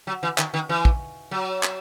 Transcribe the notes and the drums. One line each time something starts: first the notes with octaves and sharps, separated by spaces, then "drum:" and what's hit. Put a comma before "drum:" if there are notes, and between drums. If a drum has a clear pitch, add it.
F#3
E3
D#3, drum: clap
D#3
E3
drum: kick
F#3
drum: clap